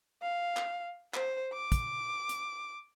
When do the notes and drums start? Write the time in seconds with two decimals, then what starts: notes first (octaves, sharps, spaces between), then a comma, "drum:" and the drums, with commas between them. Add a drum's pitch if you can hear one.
0.22 F5
0.57 drum: clap
1.14 C5, drum: clap
1.53 D6
1.72 drum: kick, hi-hat
2.29 drum: hi-hat